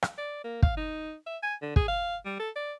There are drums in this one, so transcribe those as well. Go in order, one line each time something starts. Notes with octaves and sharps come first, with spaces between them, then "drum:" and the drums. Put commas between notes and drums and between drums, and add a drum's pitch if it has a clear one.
drum: rim click
D5
A#3
F5, drum: kick
D#4
E5
G#5
D3
G#4, drum: kick
F5
G3
A4
D5